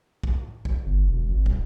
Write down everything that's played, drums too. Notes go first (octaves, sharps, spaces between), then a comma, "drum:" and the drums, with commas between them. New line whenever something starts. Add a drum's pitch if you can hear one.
drum: kick
drum: kick
G1
E1
G#1
D#1, drum: kick